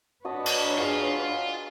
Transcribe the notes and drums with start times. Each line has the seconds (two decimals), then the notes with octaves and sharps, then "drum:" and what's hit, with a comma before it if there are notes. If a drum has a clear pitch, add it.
0.25 D4 F#4 B4 C#5 D#5 A5
0.46 drum: cymbal
0.78 F4 G#4 G#5